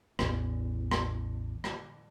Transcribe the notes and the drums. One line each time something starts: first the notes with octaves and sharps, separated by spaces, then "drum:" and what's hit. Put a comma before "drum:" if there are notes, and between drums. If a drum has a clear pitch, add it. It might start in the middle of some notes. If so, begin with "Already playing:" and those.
A1 E2, drum: rim click
drum: rim click
drum: rim click